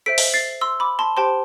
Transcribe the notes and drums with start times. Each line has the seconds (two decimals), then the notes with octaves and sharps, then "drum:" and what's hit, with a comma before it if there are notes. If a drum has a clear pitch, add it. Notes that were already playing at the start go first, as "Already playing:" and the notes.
0.06 A4 C5 E5 B6 D7
0.18 drum: open hi-hat
0.34 A6 C7
0.61 C6 E6
0.80 B5 D6
0.99 A5 C6
1.17 G4 C5 G5 A5 C6